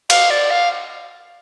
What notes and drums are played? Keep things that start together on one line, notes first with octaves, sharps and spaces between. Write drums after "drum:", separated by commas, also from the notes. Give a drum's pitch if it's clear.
F5, drum: cymbal
D5
F5